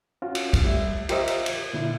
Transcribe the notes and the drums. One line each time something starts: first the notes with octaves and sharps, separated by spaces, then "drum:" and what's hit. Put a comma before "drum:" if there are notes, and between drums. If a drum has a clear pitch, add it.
C#4 F4 F#4
drum: cymbal
drum: kick, cymbal
G3 A3 E5
F4 G4 A#4 C5 D#5 E5, drum: cymbal
drum: cymbal
drum: cymbal
A#2 D3 E4